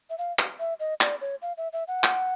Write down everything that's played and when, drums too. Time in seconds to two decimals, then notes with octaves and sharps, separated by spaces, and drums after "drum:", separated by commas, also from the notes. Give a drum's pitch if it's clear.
0.10 E5
0.18 F5
0.39 drum: clap
0.60 E5
0.80 D#5
1.01 D5, drum: clap
1.21 C#5
1.42 F5
1.57 E5
1.73 E5
1.88 F#5
2.04 drum: clap